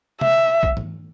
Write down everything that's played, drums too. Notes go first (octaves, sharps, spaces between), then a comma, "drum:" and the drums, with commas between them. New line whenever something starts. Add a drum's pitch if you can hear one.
E5, drum: tom C3
drum: kick A#1
drum: tom